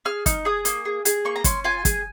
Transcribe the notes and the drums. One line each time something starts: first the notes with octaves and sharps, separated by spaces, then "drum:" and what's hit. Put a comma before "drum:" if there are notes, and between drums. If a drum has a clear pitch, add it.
G#4 F6
D#4, drum: kick, hi-hat
G#4 D#6
A#3, drum: hi-hat
G#4
G#4, drum: hi-hat
A#3 C#6
A#5
C#4 C6, drum: kick, hi-hat
F4 G#5
G#4, drum: kick, hi-hat